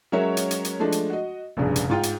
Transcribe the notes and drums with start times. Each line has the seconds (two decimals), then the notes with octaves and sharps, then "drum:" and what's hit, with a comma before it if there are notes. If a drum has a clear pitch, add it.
0.12 F#3 G#3 C#4 A#4 C#5 E5
0.37 drum: hi-hat
0.51 drum: hi-hat
0.65 drum: hi-hat
0.80 F3 G#3 A3 D4
0.92 drum: hi-hat
1.10 F#4 D#5
1.57 F1 A#1 G2 C#3
1.76 drum: hi-hat
1.89 G#2 F4 G5
2.03 drum: hi-hat